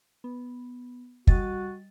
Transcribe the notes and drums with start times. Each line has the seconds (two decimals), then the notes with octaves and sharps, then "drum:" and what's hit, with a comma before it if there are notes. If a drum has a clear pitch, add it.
0.24 B3
1.27 G3 F#4 D#5 A6, drum: kick